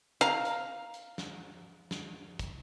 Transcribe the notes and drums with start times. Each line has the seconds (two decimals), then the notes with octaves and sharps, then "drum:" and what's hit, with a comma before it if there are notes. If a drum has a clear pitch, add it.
0.21 F5 A#5
0.45 drum: hi-hat
0.94 drum: hi-hat
1.18 drum: snare
1.91 drum: snare
2.39 drum: kick, hi-hat